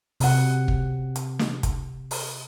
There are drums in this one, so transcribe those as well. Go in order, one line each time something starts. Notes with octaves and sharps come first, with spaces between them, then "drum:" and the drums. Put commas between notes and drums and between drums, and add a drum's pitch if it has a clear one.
C3 F#5, drum: open hi-hat
drum: kick
drum: hi-hat
drum: snare
drum: kick, hi-hat
drum: open hi-hat